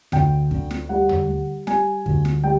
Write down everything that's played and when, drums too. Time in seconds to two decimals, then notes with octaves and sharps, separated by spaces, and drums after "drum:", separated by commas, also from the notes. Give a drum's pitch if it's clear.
0.12 D2 G5, drum: snare
0.51 D3, drum: kick
0.71 drum: snare
0.89 G3 F#5
1.09 drum: tom D#2
1.29 G3
1.67 G3 G#5, drum: snare
2.06 D2, drum: kick
2.25 drum: snare
2.44 G3 G5